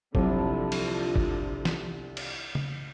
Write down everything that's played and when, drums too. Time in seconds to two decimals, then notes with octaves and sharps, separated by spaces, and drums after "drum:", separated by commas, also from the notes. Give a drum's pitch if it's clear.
0.15 C2 D3 F3 F#3 E4 A4, drum: kick G1
0.72 drum: cymbal
1.16 drum: kick G1
1.65 drum: snare
2.17 drum: cymbal
2.55 drum: tom C#3